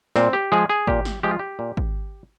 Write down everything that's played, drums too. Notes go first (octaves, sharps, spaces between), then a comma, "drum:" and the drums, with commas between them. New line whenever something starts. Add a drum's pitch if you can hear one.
A#2 C4, drum: snare
G4
F3 G#3 G#4
G#4
A#2 G4, drum: kick G#1
drum: snare
F3 G#3 G4
F4
G4
A#2
drum: kick G#1